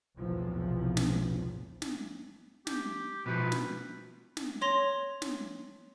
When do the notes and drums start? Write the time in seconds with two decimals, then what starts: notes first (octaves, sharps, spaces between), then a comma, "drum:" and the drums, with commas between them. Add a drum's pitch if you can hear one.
0.18 B1 E2 A2 C3 E3 F3
0.97 drum: snare
1.82 drum: snare
2.67 G4, drum: snare
3.26 B2 F3 B4
3.52 drum: snare
4.37 drum: snare
4.61 C#5 C6 A#6 F7 G7
5.22 drum: snare